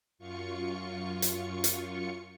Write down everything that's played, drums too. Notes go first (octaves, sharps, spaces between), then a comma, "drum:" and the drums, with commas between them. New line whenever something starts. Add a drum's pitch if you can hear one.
F#2 F4 C#6 C#7
drum: hi-hat
drum: hi-hat